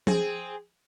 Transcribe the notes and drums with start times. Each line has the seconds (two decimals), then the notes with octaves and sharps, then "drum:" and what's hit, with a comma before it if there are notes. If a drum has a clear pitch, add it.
0.07 C4 G#4, drum: tom F3